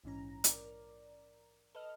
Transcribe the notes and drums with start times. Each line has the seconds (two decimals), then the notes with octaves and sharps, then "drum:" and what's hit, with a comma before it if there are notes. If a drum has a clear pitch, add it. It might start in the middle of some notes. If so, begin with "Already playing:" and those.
0.04 A#1 G#2 E3 C#4 A#5
0.44 A#4 D5, drum: hi-hat
1.75 A4 B4 D#5 F6